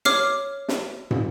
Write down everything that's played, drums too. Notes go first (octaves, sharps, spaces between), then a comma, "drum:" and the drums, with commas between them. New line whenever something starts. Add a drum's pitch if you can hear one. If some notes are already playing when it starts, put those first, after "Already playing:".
C#5 D6 F6 C7, drum: snare
drum: snare
drum: tom